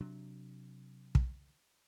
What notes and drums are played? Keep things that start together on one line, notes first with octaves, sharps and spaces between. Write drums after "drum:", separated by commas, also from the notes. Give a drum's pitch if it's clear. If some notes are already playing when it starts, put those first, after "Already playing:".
C3 F#3 D4
drum: kick